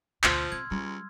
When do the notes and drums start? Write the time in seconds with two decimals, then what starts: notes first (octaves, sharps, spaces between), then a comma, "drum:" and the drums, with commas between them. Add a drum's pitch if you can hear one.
0.24 D2 B2 F3 C6 E6 F6, drum: clap
0.52 C3 G#6
0.71 C#2 G3